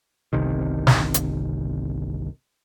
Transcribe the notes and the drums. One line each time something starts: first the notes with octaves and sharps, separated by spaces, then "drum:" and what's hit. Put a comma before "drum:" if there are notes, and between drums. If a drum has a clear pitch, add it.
G1 C2 C3 D#3
drum: snare
drum: hi-hat